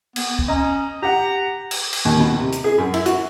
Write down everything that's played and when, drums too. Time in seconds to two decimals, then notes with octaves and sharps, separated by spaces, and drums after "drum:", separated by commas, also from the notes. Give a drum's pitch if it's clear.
0.16 B3, drum: cymbal
0.39 drum: kick
0.48 C#4 D#5 A#5
1.02 G4 F#5 A#5
1.71 drum: cymbal
1.93 drum: cymbal
2.05 D#2
2.20 B2
2.36 C3
2.52 drum: hi-hat
2.64 G#4
2.78 F#2
2.94 E4, drum: cymbal
3.06 F#4, drum: hi-hat